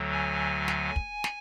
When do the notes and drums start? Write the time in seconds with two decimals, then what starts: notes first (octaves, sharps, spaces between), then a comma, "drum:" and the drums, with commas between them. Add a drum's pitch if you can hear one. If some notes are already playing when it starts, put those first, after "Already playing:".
Already playing: D2 D3 F#3
0.12 G#5
0.68 drum: snare
0.96 drum: kick
1.24 drum: snare